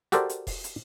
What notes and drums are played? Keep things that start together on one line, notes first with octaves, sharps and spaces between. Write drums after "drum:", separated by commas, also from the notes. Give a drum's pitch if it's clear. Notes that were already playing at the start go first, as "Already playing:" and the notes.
F#4 G4 A4 A#4 C5 D5, drum: hi-hat
drum: hi-hat
drum: kick E1, open hi-hat
drum: hi-hat